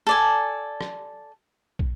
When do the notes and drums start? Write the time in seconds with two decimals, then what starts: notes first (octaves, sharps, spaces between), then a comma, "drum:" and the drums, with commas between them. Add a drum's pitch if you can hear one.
0.07 A4 D5 G#5
0.81 drum: rim click
1.79 drum: kick